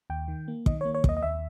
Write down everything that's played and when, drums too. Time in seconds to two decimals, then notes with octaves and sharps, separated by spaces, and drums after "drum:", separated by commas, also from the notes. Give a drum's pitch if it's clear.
0.10 D#2 G5
0.28 D#3
0.48 A#3
0.66 D#3 D#5, drum: kick
0.81 A#3 C#5
0.94 C#5
1.04 D#2 D#5, drum: kick
1.17 D#5
1.23 D#2 E5